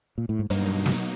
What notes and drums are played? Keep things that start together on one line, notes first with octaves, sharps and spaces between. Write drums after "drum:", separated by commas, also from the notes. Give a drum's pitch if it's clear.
A#2
A2
G#2
G2 B2 F#3 A#3 D#4, drum: hi-hat
drum: snare